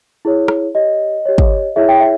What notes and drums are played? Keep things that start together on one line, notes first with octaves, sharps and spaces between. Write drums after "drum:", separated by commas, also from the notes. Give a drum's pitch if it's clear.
E4 G#4 C#5
drum: rim click
G4 C#5 D#5
G4 C#5
drum: kick
E4 G#4 C#5 E5
G5
E5